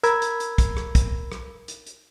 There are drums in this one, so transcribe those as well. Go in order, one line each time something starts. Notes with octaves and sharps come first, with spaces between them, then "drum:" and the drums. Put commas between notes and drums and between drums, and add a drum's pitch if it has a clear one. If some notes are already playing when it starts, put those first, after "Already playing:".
A#4 B5 E6 G#6, drum: hi-hat
drum: hi-hat
drum: hi-hat
drum: kick, hi-hat
drum: rim click
drum: kick, hi-hat
drum: rim click
drum: hi-hat
drum: hi-hat